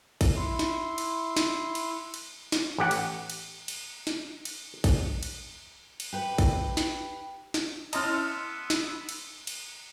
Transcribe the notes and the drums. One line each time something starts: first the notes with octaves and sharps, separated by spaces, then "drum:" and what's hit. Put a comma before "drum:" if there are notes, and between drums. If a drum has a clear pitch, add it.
drum: kick A#1, cymbal
E4 C6
drum: snare
drum: cymbal
drum: snare
drum: cymbal
drum: cymbal
drum: snare
A1 G4 F#5
drum: cymbal
drum: cymbal
drum: cymbal
drum: snare
drum: cymbal
drum: kick A#1, cymbal
drum: cymbal
drum: cymbal
G4 B4
drum: kick A#1, cymbal
drum: snare
drum: snare
B3 C#4 E4 D#5 A5 C6 E6 F6, drum: cymbal
drum: snare
drum: cymbal
drum: cymbal